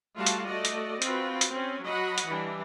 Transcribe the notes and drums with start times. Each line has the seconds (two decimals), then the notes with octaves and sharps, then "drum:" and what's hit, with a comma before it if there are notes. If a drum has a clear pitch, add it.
0.17 G3 A3 F4 F#4 F5 A5
0.26 drum: hi-hat
0.46 A3 F#4 D5 D#5
0.65 drum: hi-hat
1.02 C4 F4 F#4 B4, drum: hi-hat
1.41 drum: hi-hat
1.50 C4 C#4
1.83 F#3 F#4 D#5 F#5 B5
2.18 drum: hi-hat
2.27 E3 G3 D4